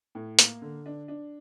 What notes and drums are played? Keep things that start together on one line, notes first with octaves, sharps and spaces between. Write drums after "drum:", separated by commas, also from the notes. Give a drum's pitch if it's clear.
A2
A#3, drum: hi-hat
D3
D4
D4